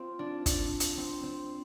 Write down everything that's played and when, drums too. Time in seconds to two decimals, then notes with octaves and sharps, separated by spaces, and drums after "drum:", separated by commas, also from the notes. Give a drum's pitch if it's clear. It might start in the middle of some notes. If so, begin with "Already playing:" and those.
Already playing: C4 F4
0.19 D4
0.46 D4, drum: kick, hi-hat
0.80 drum: hi-hat
0.97 C4
1.23 C4